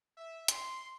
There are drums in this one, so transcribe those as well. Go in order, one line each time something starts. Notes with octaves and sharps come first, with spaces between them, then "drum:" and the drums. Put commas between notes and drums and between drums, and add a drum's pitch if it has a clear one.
E5
C6, drum: hi-hat